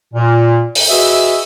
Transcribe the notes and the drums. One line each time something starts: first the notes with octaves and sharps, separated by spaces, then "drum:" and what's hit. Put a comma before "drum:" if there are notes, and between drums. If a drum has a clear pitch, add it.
A#2
drum: open hi-hat
F#4 G#4 B4 D#5 E5